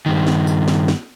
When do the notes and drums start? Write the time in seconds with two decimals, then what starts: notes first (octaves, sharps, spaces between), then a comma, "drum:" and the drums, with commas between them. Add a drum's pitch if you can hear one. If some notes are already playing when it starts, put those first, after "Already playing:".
0.06 G2 D#3
0.27 drum: snare
0.47 drum: tambourine
0.68 drum: snare
0.88 drum: snare